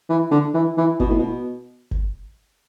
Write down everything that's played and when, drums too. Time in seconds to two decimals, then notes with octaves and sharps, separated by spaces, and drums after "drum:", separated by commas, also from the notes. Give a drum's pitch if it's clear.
0.09 E3
0.31 D3
0.54 E3
0.77 E3
1.00 B2, drum: kick G1
1.10 A2
1.19 B2
1.91 drum: kick G1